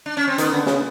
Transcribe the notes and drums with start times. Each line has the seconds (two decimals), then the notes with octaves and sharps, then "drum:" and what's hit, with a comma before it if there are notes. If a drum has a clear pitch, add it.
0.06 D4
0.17 C#4
0.28 C4
0.38 D#3 B3, drum: hi-hat
0.53 D3
0.66 C#3, drum: snare